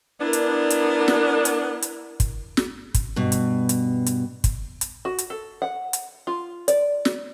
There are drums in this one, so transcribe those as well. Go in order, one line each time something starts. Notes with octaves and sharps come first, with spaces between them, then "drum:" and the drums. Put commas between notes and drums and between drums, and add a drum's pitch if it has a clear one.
B3 D4 E4 A#4
drum: hi-hat
drum: hi-hat
drum: snare
drum: hi-hat
drum: hi-hat
drum: kick, hi-hat
drum: snare
drum: kick, hi-hat
G2 B2
drum: hi-hat
drum: hi-hat
drum: hi-hat
drum: kick, hi-hat
drum: hi-hat
F#4
drum: hi-hat
A4
F#5
drum: hi-hat
F4
D5, drum: hi-hat
drum: snare